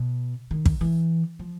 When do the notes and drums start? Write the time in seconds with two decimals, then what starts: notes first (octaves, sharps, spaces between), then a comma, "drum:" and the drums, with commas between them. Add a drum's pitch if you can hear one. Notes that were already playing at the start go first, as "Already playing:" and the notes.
Already playing: B2
0.51 D#3
0.66 drum: kick
0.81 E3
1.39 F3